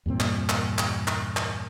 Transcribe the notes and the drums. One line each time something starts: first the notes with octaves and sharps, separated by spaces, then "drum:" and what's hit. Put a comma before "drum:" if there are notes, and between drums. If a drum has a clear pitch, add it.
E2 G2 A#2 C4
drum: clap
drum: clap
drum: clap
drum: clap
drum: clap